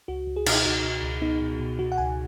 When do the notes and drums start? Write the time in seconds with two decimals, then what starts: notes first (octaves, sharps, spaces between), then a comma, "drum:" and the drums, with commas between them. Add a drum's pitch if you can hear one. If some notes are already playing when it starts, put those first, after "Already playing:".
0.08 C#2 F#4
0.27 C#2
0.36 G#4
0.46 B2, drum: cymbal
0.55 D#4
0.65 C#2 F#4
0.84 B2
1.03 C#2
1.22 B3 D#4
1.41 B2
1.60 B2
1.79 B2 F#4
1.92 F#5
1.98 C#2 G#5